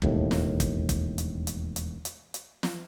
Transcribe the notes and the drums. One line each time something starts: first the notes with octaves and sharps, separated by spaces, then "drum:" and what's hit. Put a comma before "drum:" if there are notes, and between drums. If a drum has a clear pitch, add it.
E1 D#2 A2, drum: kick
drum: snare
drum: kick, hi-hat
drum: kick, hi-hat
drum: hi-hat
drum: hi-hat
drum: hi-hat
drum: hi-hat
drum: hi-hat
drum: snare